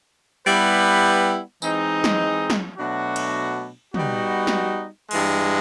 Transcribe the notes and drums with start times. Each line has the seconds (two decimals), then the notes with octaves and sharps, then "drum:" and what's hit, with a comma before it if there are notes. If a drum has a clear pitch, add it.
0.45 G3 B3 E4 G4 B4
1.62 E3 G#3 C4 D#4, drum: tambourine
2.04 drum: snare
2.50 drum: snare
2.78 B2 F#3 A3 D4 F#4
3.16 drum: cymbal
3.94 G3 B3 D#4 F#4, drum: tom
4.47 drum: snare
5.11 G2 E3 G#3, drum: cymbal